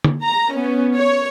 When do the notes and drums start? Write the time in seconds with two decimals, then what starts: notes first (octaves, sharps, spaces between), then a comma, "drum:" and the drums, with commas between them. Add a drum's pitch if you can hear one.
0.04 drum: tom D3
0.23 A#5
0.55 B3 C#4
0.94 C#5